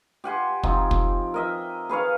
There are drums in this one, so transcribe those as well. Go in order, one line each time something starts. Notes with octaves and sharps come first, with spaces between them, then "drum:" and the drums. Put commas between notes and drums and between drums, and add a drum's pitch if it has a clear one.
G4 F#5 G#5 C6
F3 C4 D#4, drum: kick
drum: kick
A#4 D#5 E5
G#4 B4 C#5 F5